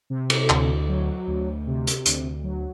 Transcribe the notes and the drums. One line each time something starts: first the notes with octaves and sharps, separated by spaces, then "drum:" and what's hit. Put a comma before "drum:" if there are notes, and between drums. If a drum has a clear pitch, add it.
C3
drum: cymbal
D2, drum: clap
F#3
D2
C3
drum: hi-hat
D2, drum: hi-hat
F#3